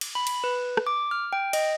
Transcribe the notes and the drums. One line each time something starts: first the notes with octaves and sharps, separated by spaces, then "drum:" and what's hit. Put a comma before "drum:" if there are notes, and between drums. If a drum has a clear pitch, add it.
drum: cymbal
B5
drum: cymbal
B4
drum: rim click
D6
F6
G5
D#5, drum: cymbal